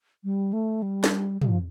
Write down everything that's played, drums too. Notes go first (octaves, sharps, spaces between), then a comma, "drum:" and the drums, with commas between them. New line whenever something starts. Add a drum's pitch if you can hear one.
G3
A3
G3
drum: snare
G3, drum: tom
F3